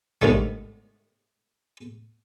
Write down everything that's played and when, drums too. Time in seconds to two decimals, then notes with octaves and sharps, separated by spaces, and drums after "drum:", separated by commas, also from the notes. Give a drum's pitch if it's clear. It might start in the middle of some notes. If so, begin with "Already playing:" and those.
0.22 G#2 D3 D#3 G3 A3, drum: kick